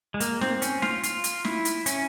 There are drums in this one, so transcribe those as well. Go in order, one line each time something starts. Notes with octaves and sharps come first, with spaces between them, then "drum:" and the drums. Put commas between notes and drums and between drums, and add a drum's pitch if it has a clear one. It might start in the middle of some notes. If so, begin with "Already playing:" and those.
G#3
A#3, drum: hi-hat
C4, drum: snare
C#4, drum: hi-hat
F4, drum: snare
F4, drum: hi-hat
drum: hi-hat
E4, drum: snare
drum: hi-hat
C#4, drum: hi-hat